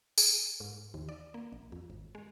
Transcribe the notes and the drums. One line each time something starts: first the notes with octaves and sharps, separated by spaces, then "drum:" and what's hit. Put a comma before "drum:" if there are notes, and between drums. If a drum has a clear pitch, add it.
G#4, drum: tambourine
G#2
D#2
D5
A#3
A#1
F2
G#1
G#3